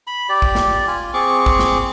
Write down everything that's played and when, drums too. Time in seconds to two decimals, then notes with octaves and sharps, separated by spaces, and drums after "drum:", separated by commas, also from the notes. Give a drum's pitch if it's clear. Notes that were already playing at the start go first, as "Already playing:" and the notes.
0.07 B5
0.29 G4 D5
0.42 drum: kick
0.55 drum: snare
0.87 F4 G#5
1.14 C4 G#4 C#6 D6
1.46 drum: kick
1.59 drum: snare